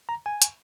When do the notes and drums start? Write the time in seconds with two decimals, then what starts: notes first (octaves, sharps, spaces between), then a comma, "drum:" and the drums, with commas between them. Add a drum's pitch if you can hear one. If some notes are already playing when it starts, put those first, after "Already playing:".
0.09 A#5
0.26 G#5
0.42 drum: hi-hat